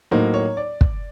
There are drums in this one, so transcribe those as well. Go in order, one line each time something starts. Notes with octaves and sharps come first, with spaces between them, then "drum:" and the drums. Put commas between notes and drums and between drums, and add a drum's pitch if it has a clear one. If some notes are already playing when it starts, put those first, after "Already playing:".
A2 F#3 A#3 D#4 C5
C#5
D5
drum: kick